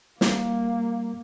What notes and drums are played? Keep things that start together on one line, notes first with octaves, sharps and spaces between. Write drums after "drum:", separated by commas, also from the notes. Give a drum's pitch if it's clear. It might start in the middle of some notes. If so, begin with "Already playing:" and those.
G3 A#3, drum: snare